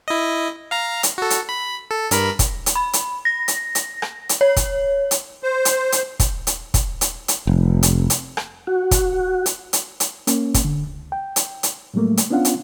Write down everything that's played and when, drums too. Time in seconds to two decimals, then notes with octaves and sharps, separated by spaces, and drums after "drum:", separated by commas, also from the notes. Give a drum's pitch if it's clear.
0.08 E4 D#5
0.71 F5 A#5
1.03 drum: hi-hat
1.18 F#4 A4
1.30 drum: hi-hat
1.49 B5
1.91 A4
2.11 G2 A#4 B5, drum: hi-hat
2.39 drum: kick, hi-hat
2.66 drum: hi-hat
2.75 B5
2.93 drum: hi-hat
3.25 A#6
3.48 drum: hi-hat
3.75 drum: hi-hat
4.02 drum: rim click
4.29 drum: hi-hat
4.41 C#5
4.56 drum: kick, hi-hat
5.11 drum: hi-hat
5.43 C5
5.65 drum: hi-hat
5.92 drum: hi-hat
6.20 drum: kick, hi-hat
6.47 drum: hi-hat
6.74 drum: kick, hi-hat
7.01 drum: hi-hat
7.28 drum: hi-hat
7.47 F1
7.83 drum: hi-hat
8.10 drum: hi-hat
8.37 drum: rim click
8.67 F#4
8.91 drum: kick, hi-hat
9.46 drum: hi-hat
9.73 drum: hi-hat
10.00 drum: hi-hat
10.27 A#3 C#4, drum: hi-hat
10.54 drum: kick, hi-hat
10.65 D3
10.87 C#2
11.12 G5
11.36 drum: hi-hat
11.63 drum: hi-hat
11.94 A2 F#3 G3 A3 A#3
12.17 drum: hi-hat
12.30 B3 C#4 D4 F4 F5 F#5
12.45 drum: hi-hat